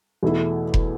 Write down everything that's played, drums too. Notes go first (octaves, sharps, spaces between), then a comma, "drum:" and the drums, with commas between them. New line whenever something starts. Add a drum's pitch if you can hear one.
E2 B2 A3 E4
drum: kick F1